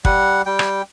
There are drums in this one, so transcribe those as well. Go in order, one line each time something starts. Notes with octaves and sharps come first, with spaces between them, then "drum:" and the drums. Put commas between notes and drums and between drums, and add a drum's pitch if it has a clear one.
G3 F#5, drum: kick
G3 G5
drum: rim click